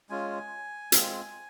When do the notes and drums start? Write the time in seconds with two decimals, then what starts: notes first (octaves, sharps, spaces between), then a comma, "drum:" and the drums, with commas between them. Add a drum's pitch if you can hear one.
0.10 G#3 C#4 F4 G#5
0.92 G#3 C4 F4, drum: hi-hat